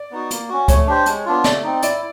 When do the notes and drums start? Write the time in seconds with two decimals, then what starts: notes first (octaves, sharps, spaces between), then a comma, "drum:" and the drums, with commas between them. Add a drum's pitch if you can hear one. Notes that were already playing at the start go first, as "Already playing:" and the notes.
Already playing: D5
0.11 B3 D#4 F#4
0.31 A#3, drum: hi-hat
0.49 C#4 F#4
0.68 A3 C#5, drum: kick C#2, hi-hat
0.87 D4 G4 C5
1.06 G#3, drum: hi-hat
1.26 B3 D4 F4
1.44 A3 D5, drum: snare
1.63 C4 D#4
1.83 E4 D5, drum: hi-hat